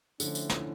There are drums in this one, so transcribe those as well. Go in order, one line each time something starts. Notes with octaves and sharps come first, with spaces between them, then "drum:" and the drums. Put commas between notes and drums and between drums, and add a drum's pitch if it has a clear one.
D3 F3 A3 C#4 E4, drum: tambourine
drum: tambourine
drum: snare